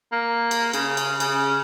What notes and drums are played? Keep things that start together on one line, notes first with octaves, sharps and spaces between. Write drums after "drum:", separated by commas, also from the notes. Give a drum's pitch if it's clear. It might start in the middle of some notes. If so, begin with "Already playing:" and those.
A#3
drum: cymbal
C#3, drum: cymbal
drum: cymbal
C#3, drum: cymbal